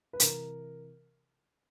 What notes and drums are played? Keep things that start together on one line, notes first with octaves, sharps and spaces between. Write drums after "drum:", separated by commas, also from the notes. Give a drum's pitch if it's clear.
B4
C3 E3 A#4, drum: hi-hat